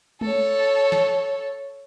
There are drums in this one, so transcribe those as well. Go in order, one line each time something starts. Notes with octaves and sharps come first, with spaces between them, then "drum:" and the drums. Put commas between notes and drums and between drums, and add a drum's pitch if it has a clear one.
A4 C#5, drum: tom G#3
drum: snare